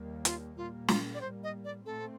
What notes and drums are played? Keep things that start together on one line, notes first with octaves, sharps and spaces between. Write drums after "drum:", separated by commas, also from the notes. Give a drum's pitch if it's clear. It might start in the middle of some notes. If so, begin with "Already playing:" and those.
Already playing: D#2 D#3 G3 A#3
F4, drum: hi-hat
A#2 G3 A#3 F4
F4, drum: snare
D5
A2 G3 A#3 C5
D#5
D5
A#2 A3 C4 A4